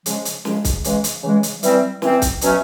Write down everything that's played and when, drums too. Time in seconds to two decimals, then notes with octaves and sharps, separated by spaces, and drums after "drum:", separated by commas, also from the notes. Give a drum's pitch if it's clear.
0.06 C#3 F3 G#3, drum: hi-hat
0.25 drum: hi-hat
0.45 C#3 F3 G#3, drum: snare
0.65 drum: kick C2, hi-hat
0.84 C#3 E3 G#3, drum: hi-hat
1.04 drum: hi-hat
1.23 C#3 E3 G#3
1.43 drum: hi-hat
1.63 E3 G3 C4, drum: hi-hat
2.02 E3 G3 C4, drum: snare
2.22 drum: kick C2, hi-hat
2.41 B2 F#3 A3 C#4, drum: hi-hat